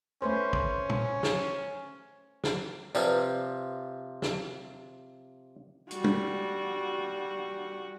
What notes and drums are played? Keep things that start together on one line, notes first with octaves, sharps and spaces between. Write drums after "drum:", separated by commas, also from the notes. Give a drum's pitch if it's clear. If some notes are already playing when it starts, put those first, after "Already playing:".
A3 C#4 B4 C5
drum: kick
drum: tom
drum: snare
drum: snare
C3 F3 B4 D5, drum: tambourine
drum: snare
G3 F#4, drum: hi-hat
drum: tom